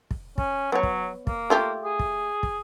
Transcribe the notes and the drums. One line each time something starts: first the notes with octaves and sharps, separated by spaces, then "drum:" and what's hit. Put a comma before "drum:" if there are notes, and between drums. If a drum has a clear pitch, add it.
drum: kick
C#4, drum: kick
F#3 B3 C#5
drum: kick
A#3, drum: kick
A3 F4 G4
G#4
drum: kick
drum: kick